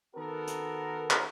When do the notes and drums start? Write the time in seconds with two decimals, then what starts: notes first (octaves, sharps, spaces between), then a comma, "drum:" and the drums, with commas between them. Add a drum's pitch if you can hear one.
0.16 D#3 B3 F#4 A4 A#4
0.47 drum: hi-hat
1.10 drum: clap